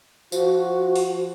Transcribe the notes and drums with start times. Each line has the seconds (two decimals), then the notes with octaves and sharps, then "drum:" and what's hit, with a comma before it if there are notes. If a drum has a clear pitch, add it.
0.32 F3 F#4, drum: tambourine
0.96 drum: open hi-hat